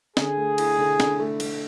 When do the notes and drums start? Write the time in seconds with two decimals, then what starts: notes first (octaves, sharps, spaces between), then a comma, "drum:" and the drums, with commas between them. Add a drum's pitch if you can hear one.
0.17 D3 G#4, drum: snare
0.37 A3
0.58 E4, drum: cymbal
0.78 D3
1.00 D3, drum: snare
1.20 A3
1.40 A3, drum: cymbal